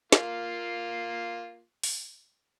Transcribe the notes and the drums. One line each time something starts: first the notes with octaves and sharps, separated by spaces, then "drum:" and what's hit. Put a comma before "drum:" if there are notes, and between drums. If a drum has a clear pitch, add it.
A#3 F4, drum: snare
drum: open hi-hat